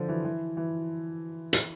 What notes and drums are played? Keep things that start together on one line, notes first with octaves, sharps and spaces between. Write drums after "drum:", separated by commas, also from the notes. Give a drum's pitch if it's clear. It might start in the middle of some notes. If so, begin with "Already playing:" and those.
Already playing: D3 F3
E3
E3
E3
drum: hi-hat